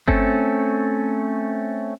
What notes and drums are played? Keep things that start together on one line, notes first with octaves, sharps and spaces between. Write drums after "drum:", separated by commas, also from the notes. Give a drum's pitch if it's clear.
A3 C4 C#4 A4, drum: kick G1